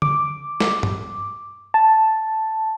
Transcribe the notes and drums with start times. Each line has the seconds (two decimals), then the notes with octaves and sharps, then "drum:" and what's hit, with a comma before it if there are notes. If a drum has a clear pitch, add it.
0.02 D6, drum: tom C#3
0.61 drum: snare
0.83 drum: tom G2
1.74 A5